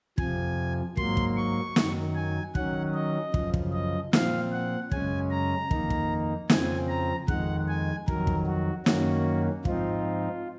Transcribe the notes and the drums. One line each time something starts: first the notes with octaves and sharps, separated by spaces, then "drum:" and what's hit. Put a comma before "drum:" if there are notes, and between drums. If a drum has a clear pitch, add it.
F2 C3 F3 G#5, drum: kick
G#2 F#3 A#3 C6, drum: kick
drum: kick
C#6
F#2 D#3 F#3, drum: snare
G#5
D#3 F#3 C#4 F#5, drum: kick
D#5
F#2 C#3 F3, drum: kick
drum: kick
D#5
A#2 F3 C4 F5, drum: snare
F#5
F#2 C#3 G#3 C#4 G#5, drum: kick
A#5
F2 D#3 A#3 D#4, drum: kick
drum: kick
F2 C#3 F3 C4 G#5, drum: snare
A#5
F2 D#3 G#3 F#5, drum: kick
G#5
F2 D#3 F#3 A#4, drum: kick
drum: kick
F#4
F#2 D#3 A#3 C#4 F#4, drum: snare
G#2 F3 C4 D#4 F4, drum: kick